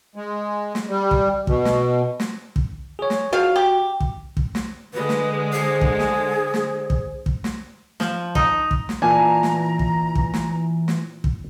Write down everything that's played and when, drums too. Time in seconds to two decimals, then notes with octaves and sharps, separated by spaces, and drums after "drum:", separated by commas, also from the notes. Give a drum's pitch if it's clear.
0.16 G#3
0.75 drum: snare
0.89 G3
1.11 drum: kick
1.47 B2, drum: kick
1.65 drum: snare
2.20 drum: snare
2.56 drum: kick
2.99 G#4 C#5
3.10 drum: snare
3.33 F3 F#4 F5
3.56 G4
4.00 drum: kick
4.37 drum: kick
4.55 drum: snare
4.93 D3 G#3 B4
5.09 drum: snare
5.53 G#4 C5
5.81 drum: kick
5.99 drum: snare
6.54 drum: snare
6.90 drum: kick
7.26 drum: kick
7.44 drum: snare
8.00 F3, drum: snare
8.35 D#4, drum: kick
8.71 drum: kick
8.89 drum: snare
9.02 A#2 E3 D4 G#5 A#5
9.43 drum: snare
9.79 drum: kick
10.15 drum: kick
10.34 drum: snare
10.88 drum: snare
11.24 drum: kick